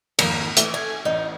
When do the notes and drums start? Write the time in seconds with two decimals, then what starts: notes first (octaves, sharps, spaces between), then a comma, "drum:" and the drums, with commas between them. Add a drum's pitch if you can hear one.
0.19 G#1 F2 A#3 A#5, drum: cymbal
0.57 E3 A3, drum: hi-hat
0.74 G#5
1.05 A1 D#4